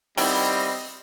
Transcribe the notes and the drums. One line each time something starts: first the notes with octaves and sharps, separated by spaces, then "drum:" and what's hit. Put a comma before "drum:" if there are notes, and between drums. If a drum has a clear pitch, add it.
D#3 G3 B3 C4 E4 D#5, drum: open hi-hat